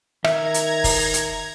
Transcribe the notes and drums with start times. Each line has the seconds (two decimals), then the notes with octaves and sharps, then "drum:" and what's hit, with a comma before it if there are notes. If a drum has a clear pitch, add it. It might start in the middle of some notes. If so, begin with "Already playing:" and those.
0.24 D#3 E5 A#5 G#6, drum: rim click
0.54 drum: hi-hat
0.84 drum: kick, open hi-hat
1.14 drum: hi-hat